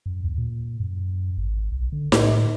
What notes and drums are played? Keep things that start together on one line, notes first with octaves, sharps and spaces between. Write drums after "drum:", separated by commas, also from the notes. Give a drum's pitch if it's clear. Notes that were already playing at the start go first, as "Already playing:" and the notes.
F#2
D#2
A#2
F#2
G#1
B1
D3
A2, drum: snare D#4